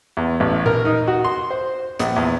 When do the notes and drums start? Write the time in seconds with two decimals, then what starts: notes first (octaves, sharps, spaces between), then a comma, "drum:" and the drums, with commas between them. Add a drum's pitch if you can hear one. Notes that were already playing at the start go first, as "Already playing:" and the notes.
0.17 E2
0.40 A1
0.66 A#4, drum: tom A#2
0.85 D#4
1.07 F#4
1.25 C6
1.51 C5
1.99 A#1, drum: hi-hat
2.16 E2